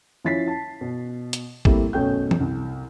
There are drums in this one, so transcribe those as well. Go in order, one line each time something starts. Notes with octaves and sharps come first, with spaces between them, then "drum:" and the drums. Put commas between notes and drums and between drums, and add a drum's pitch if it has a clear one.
F3 C#4 E4 A6 B6 C7
A5
B2
drum: hi-hat
G3 A3 A#3 C4 E4, drum: kick
F#2 B2 A3 C#4 G5 G6
drum: tom
C2